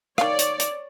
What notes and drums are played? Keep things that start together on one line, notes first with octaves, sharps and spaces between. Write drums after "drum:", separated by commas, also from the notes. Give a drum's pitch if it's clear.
D#3 C#5 D5 F5, drum: rim click
drum: hi-hat
drum: hi-hat